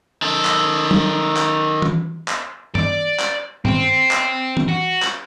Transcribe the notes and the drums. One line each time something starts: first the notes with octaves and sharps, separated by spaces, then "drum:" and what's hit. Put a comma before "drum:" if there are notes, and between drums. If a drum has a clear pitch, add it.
D#3 A4
drum: clap
drum: tom F#3
drum: clap
drum: tom E3
drum: clap
D5, drum: tom G2
drum: clap
C4, drum: tom G2
drum: clap
drum: tom E3
F#4
drum: clap